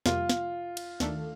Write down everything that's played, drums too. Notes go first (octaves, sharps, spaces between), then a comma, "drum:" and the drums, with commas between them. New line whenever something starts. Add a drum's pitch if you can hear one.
F2 C3 G3 A#3 F4, drum: snare
drum: snare
drum: cymbal
D#2 D#3 A3 D4 A4, drum: snare